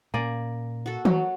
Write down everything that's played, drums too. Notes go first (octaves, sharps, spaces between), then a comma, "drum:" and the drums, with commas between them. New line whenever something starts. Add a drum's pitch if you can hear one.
A#2 A#3 C#4 D5 G#5
F#4 A4
F#3 F#4, drum: tom